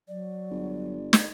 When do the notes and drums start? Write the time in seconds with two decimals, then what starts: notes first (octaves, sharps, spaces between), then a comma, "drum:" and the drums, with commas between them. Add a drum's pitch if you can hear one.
0.08 F#3 D5
0.50 G1
1.13 drum: snare